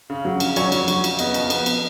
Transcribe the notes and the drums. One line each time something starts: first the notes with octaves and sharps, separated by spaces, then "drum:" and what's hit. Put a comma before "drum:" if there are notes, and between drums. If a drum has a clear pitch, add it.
C#3
F#3
C#3, drum: cymbal
F#3 C#5, drum: cymbal
F#3, drum: cymbal
F#3, drum: cymbal
C#3, drum: cymbal
B3 D#5, drum: cymbal
F3 D#5, drum: cymbal
B3, drum: cymbal
B3, drum: cymbal